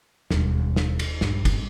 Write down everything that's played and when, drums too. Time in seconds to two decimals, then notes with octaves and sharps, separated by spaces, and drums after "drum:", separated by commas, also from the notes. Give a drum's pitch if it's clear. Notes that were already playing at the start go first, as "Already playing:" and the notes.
0.31 E1 D#2 G3, drum: snare
0.76 drum: snare
0.99 drum: cymbal
1.21 A#1 G2 G3, drum: snare
1.45 drum: kick F#1, cymbal